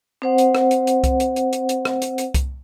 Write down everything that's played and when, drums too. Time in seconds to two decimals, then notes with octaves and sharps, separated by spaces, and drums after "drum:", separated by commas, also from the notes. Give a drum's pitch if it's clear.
0.22 C4 C5 F#5
0.38 drum: hi-hat
0.55 drum: rim click
0.71 drum: hi-hat
0.87 drum: hi-hat
1.04 drum: kick C2, hi-hat
1.20 drum: hi-hat
1.36 drum: hi-hat
1.53 drum: hi-hat
1.69 drum: hi-hat
1.85 drum: rim click
2.02 drum: hi-hat
2.18 drum: hi-hat
2.34 drum: kick C2, hi-hat